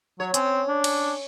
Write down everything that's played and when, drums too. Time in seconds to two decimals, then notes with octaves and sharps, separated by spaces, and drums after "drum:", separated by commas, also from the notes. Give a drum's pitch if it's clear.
0.20 F#3 C#5
0.34 C4 C#4, drum: hi-hat
0.68 D4
0.84 drum: cymbal